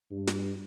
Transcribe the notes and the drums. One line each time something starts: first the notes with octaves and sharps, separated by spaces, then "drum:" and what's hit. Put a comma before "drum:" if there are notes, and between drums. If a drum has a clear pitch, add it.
G2
drum: snare